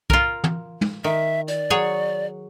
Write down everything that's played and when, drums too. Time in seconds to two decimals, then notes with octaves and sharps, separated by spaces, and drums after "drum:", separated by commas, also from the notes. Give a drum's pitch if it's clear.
0.10 F4 A#4, drum: kick B1
0.44 drum: tom
0.81 drum: tom
1.04 D#3 E5
1.48 D5, drum: hi-hat
1.70 F#3 G#4 C#5